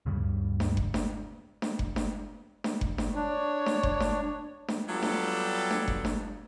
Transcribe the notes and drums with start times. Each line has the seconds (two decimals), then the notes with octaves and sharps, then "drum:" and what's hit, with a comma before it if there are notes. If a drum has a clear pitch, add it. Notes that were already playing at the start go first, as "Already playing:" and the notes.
0.06 D2 G2 C#3 G3
0.60 drum: snare D4
0.77 drum: kick F#1
0.94 drum: snare D4
1.62 drum: snare D4
1.79 drum: kick F#1
1.96 drum: snare D4
2.64 drum: snare D4
2.81 drum: kick F#1
2.98 drum: snare D4
3.15 D4 C#5
3.66 drum: snare D4
3.83 drum: kick F#1
4.00 drum: snare D4
4.68 drum: snare D4
4.88 F#3 G3 B3 F4 G4 A4
5.02 drum: snare D4
5.71 drum: snare D4
5.88 drum: kick F#1
6.05 drum: snare D4